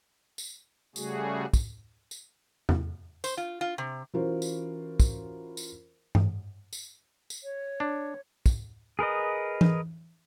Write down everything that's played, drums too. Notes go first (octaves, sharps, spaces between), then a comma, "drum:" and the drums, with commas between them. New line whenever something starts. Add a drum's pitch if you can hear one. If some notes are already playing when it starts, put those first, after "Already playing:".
drum: tambourine
C#3 G3 A3 F#4 G#4, drum: tambourine
drum: kick, tambourine
drum: tambourine
drum: tom E2
C5, drum: tambourine
F4
F4
C3
E3 C#4 F4 F#4 A#4 C5
drum: tambourine
drum: kick, tambourine
drum: tambourine
drum: tom G2
drum: tambourine
drum: tambourine
C#5
D4
drum: kick, tambourine
G#4 A#4 B4 D#5
drum: tom E3